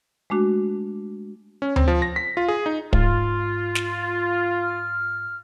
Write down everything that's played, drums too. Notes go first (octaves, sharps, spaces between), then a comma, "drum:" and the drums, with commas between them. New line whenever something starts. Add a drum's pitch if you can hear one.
G#3 A3 D4 F#4
C#4
C4, drum: tom D2
F3
A#6
B6
F4
G#4
D#4
G#2 F4, drum: kick
drum: snare
F6